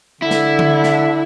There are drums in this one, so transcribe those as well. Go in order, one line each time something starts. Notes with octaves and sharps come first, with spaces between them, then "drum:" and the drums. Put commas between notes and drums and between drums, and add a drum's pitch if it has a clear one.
D3 E4
drum: snare
drum: tom D3
drum: snare